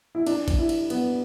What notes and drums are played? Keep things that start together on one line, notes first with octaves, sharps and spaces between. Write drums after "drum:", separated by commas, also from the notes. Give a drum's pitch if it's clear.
E4
D4, drum: cymbal
drum: kick, cymbal
E4
drum: cymbal
B3, drum: cymbal